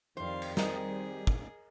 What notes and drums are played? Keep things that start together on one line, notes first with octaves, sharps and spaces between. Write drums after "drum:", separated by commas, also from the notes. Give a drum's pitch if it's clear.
F2 D#3 G3 C4 C5 F5
drum: cymbal
G3 G#4 A#4 D#5, drum: snare
drum: kick